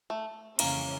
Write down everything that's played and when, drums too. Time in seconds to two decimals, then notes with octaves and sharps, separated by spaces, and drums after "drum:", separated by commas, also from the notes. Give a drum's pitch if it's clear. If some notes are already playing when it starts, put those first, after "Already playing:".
0.10 A3
0.59 F2 C#3 E3 G#3 A#3 C#4, drum: cymbal